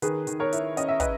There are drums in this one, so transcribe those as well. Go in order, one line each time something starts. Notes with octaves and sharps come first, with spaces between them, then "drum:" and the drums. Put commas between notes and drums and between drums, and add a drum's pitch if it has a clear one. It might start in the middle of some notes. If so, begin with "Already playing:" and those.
D#3 G#4 B4, drum: hi-hat
D#3, drum: hi-hat
A#4 C#5
E4, drum: hi-hat
C#4 D#5, drum: hi-hat
E5
B4 D#5, drum: kick, hi-hat